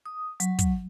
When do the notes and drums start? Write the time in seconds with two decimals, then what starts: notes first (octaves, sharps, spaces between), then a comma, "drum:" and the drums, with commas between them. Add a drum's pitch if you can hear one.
0.06 D#6
0.40 F#3, drum: hi-hat
0.59 drum: kick, hi-hat